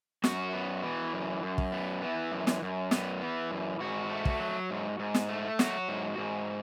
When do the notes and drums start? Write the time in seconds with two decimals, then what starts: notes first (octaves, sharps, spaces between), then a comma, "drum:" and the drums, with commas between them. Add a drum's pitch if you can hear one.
0.24 F#2 F#4, drum: snare
0.53 B3
0.83 E3
1.13 F#2
1.43 F#2
1.58 drum: kick
1.72 B3
2.02 E3
2.32 F#2
2.47 drum: snare
2.62 F#2
2.91 B3, drum: snare
3.22 E3
3.51 F#2
3.80 G#2 F#4
4.10 A3
4.25 drum: kick
4.40 F#3
4.70 G#2
4.99 G#2
5.14 drum: snare
5.29 A3
5.59 F#3 F#4, drum: snare
5.89 G#2
6.18 G#2